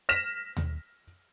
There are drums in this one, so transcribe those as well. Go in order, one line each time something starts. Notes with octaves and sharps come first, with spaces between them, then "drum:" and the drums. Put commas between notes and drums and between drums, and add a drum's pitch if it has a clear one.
F6 A#6 B6 E7
drum: tom D#2